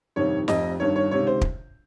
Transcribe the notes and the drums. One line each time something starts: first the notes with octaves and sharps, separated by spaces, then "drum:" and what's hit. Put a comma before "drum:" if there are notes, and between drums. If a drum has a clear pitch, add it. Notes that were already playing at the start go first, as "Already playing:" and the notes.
G1 F2 C3 D#3 C#5
F1 F2 C3 D#5, drum: snare
G1 G2 D#3 C#5
C#5
C#2 C3 D#3 C#5
C5
drum: kick